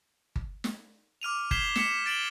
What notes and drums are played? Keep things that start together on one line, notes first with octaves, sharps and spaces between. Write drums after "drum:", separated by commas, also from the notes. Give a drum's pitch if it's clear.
drum: kick G1
drum: snare
D6 F6 D#7 F7
G6 G#6 B6 C7 E7 G7, drum: kick G1
B6 C#7 E7, drum: snare
A6 D7 E7 F#7 G7